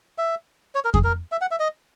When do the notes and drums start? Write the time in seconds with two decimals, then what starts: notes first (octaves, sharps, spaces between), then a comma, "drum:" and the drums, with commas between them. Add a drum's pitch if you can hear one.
0.18 E5
0.75 C#5
0.85 A#4
0.94 G#4, drum: kick F2
1.04 A#4
1.32 E5
1.41 F#5
1.51 E5
1.60 D#5